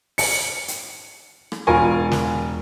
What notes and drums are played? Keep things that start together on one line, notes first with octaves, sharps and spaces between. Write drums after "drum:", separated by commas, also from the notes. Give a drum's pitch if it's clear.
C#7, drum: open hi-hat
drum: hi-hat
drum: rim click
E1 F4 A#4 G#5 C#6
drum: snare